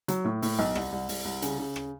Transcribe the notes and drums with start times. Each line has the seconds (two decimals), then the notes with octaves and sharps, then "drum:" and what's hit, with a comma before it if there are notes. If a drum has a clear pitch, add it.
0.08 F#3, drum: hi-hat
0.25 A2
0.42 A2, drum: open hi-hat
0.59 B1
0.75 C2, drum: rim click
0.92 C2
1.09 C2, drum: open hi-hat
1.25 C2
1.42 C#3, drum: hi-hat
1.58 C#3
1.76 drum: rim click